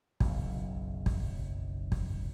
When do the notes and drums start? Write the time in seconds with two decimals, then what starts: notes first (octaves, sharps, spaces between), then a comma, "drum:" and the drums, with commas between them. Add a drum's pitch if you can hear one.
0.20 F#1 B1 F#2, drum: kick
1.06 drum: kick
1.92 drum: kick